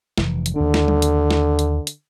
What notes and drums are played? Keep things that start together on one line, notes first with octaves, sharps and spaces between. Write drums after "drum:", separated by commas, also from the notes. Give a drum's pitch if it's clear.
F1 E3, drum: snare
drum: hi-hat
D#2 D3 D4
drum: snare
drum: tom G3
drum: hi-hat
drum: snare
drum: hi-hat
drum: hi-hat